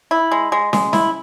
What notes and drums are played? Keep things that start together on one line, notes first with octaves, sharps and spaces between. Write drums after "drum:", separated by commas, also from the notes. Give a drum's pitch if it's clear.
E4
G#3
G#3
G#3, drum: snare
E4, drum: snare